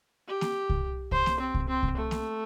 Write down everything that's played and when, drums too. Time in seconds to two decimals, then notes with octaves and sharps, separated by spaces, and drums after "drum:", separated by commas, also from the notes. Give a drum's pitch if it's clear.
0.28 G4
0.41 drum: snare A#3
0.70 drum: kick C2
1.12 C5, drum: kick C2
1.26 drum: snare A#3
1.40 C4
1.54 drum: kick C2
1.68 C4
1.83 drum: kick C2
1.97 A3
2.11 drum: snare A#3